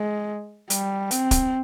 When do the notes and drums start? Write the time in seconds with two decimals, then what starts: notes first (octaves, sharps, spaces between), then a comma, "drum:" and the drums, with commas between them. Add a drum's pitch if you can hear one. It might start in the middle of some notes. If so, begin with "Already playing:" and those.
Already playing: G#3
0.70 G3, drum: hi-hat
1.11 C4, drum: hi-hat
1.31 drum: kick, hi-hat